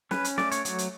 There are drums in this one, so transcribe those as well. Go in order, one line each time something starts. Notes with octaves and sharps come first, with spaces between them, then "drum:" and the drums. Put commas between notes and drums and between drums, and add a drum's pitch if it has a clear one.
C#4 B4, drum: snare
drum: hi-hat
A3 D5, drum: snare
C#5, drum: hi-hat
F#3, drum: hi-hat
drum: hi-hat